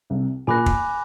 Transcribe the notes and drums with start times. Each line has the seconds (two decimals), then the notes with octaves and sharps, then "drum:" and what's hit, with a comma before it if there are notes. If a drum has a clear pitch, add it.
0.10 C2 C3
0.47 A#2 G#5 B5 D6 F#6 A#6
0.66 drum: kick